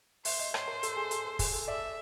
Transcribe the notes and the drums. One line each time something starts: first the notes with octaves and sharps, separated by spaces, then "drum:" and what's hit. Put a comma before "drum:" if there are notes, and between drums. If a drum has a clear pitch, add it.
C5 E5, drum: open hi-hat
D#5
C5 C#5, drum: rim click
A#4
A4, drum: hi-hat
G#4
A4, drum: hi-hat
A4
G#4, drum: kick, open hi-hat
A4
D5 E5